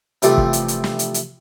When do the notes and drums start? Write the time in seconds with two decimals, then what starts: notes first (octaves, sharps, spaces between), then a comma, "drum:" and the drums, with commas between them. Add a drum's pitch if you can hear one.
0.22 C3 E3 F3 G3 A3, drum: hi-hat
0.38 drum: kick
0.53 drum: hi-hat
0.68 drum: hi-hat
0.84 drum: snare
0.99 drum: hi-hat
1.14 drum: hi-hat